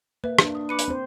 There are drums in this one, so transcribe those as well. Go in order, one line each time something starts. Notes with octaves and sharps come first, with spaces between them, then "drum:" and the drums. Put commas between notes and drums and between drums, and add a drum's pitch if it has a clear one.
A#3 B4 E5
D4, drum: rim click
D#6
B4 D6 C#7 D#7
drum: hi-hat
C4 C5